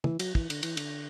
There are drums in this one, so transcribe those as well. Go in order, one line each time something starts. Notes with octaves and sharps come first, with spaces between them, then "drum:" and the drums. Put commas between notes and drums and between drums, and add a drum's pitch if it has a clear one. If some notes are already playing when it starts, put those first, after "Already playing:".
E3, drum: tom
F#3, drum: cymbal
E3, drum: kick
D3, drum: cymbal
E3, drum: cymbal
D3, drum: cymbal